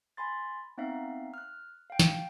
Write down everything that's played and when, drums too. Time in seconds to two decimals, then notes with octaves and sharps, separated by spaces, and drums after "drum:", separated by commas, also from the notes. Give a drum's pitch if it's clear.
0.17 G#5 B5 C6 A6
0.78 B3 C4 D#4 E5 F5
1.34 F6 F#6
1.90 F5 G5
1.99 drum: snare